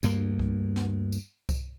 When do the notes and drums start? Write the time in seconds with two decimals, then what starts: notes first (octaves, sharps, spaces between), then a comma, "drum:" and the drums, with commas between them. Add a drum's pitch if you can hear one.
0.03 D2 G2 A#3, drum: tambourine
0.39 drum: kick C2
0.76 drum: snare
1.12 drum: tambourine
1.49 drum: kick C2, tambourine